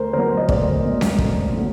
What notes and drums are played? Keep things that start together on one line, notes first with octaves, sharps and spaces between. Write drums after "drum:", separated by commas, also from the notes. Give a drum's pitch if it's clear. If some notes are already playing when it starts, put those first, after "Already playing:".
Already playing: D2 A#4 C5
D3 F#3 A#4 C5
D#5
D2 C5 D5, drum: kick
D3 F#3
drum: snare C#4
D2, drum: kick
D3 F#3